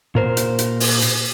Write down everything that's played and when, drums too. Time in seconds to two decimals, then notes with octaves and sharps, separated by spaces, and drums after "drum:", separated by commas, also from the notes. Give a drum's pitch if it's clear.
0.15 A#2 A#4 C5
0.37 drum: hi-hat
0.59 drum: hi-hat
0.80 drum: open hi-hat
1.02 drum: hi-hat